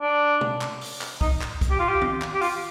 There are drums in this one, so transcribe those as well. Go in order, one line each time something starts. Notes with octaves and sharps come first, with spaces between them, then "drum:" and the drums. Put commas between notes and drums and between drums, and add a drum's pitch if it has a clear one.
D4
drum: tom
drum: clap
drum: open hi-hat
drum: clap
D#4, drum: kick
drum: clap
drum: kick, hi-hat
G4
F4
G4
drum: tom D#3
drum: clap
G4
F4, drum: open hi-hat